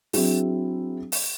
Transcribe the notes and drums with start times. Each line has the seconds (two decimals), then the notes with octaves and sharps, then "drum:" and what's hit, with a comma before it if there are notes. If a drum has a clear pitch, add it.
0.13 F#3 C4 D4 E4 F#4 G#4, drum: open hi-hat
1.12 drum: open hi-hat